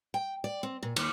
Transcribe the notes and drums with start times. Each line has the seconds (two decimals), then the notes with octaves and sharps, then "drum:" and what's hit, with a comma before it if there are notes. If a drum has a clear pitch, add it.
0.14 G5
0.44 D5
0.63 C4
0.83 A#2
0.96 D#2, drum: cymbal